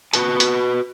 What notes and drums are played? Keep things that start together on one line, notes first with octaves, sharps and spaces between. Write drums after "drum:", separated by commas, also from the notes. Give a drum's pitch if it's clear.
F#4 B4 A5, drum: hi-hat
drum: hi-hat